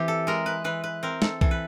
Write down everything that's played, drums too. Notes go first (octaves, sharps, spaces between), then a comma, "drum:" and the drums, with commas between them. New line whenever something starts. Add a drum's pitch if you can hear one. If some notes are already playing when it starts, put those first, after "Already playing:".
Already playing: E3 C4 G4
A4
G#3 A#4
B4
E3 B4
B4
C4 A#4
A4, drum: snare
E3 A4, drum: kick B1
B4